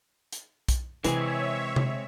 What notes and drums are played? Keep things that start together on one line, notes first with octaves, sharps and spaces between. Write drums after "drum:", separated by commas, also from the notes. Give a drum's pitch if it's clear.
drum: hi-hat
drum: kick B1, hi-hat
C3 E3 G#3 C4 G#4 C#5 E5, drum: hi-hat
drum: tom C3